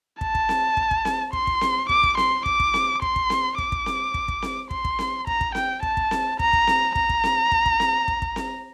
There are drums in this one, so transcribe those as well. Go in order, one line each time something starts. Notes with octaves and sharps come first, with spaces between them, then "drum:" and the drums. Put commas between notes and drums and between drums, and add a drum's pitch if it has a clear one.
A5, drum: kick
drum: kick
drum: snare C4
drum: kick
drum: kick
drum: snare C4
C6, drum: kick
drum: kick
drum: snare C4
D6, drum: kick
drum: kick
C6, drum: snare C4
D6, drum: kick
drum: kick
drum: snare C4
C6, drum: kick
drum: kick
drum: snare C4
D6, drum: kick
drum: kick
drum: snare C4
drum: kick
drum: kick
drum: snare C4
C6, drum: kick
drum: kick
drum: snare C4
A#5, drum: kick
drum: kick
G5, drum: snare C4
A5, drum: kick
drum: kick
drum: snare C4
A#5, drum: kick
drum: kick
drum: snare C4
A#5, drum: kick
drum: kick
drum: snare C4
drum: kick
drum: kick
drum: snare C4
drum: kick
drum: kick
drum: snare C4